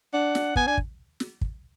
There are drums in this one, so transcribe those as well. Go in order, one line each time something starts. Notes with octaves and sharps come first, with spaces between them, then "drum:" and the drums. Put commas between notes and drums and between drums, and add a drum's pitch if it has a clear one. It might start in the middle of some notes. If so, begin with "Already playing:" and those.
D4 F#5
drum: snare
B3 G#5, drum: kick
D4 G#5
drum: kick
drum: snare
drum: kick